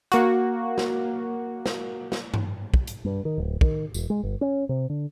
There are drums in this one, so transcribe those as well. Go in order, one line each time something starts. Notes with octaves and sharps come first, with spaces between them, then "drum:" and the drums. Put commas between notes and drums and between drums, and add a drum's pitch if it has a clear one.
A#3 F#4, drum: hi-hat
drum: snare
drum: snare
drum: snare
drum: tom G2
drum: kick
drum: hi-hat
G2
D#3
D1
D#3, drum: kick
E1, drum: tambourine
G#3
G1
C#4
C3
D3